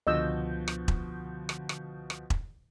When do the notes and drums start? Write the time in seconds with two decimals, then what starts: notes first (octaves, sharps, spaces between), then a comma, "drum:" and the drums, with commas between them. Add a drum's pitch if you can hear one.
0.07 C#2 B2 D3 F3 F#4 D#5 E6 G6
0.68 drum: rim click
0.88 drum: kick E1
1.49 drum: rim click
1.69 drum: rim click
2.10 drum: rim click
2.30 drum: kick E1